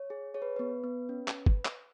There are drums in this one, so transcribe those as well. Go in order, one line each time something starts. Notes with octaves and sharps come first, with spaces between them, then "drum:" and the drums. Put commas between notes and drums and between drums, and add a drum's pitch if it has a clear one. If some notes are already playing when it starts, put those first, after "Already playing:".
Already playing: C#5
G#4
G#4 C#5
B4
B3 B4
B3
C#4
drum: clap
drum: kick F#1
drum: clap